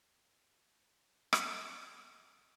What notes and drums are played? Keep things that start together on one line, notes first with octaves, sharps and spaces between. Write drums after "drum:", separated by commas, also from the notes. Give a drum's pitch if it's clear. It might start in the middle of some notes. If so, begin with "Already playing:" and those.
F2 G#2
drum: rim click
F#4 A#5
E4 F4 A4 C6 C#6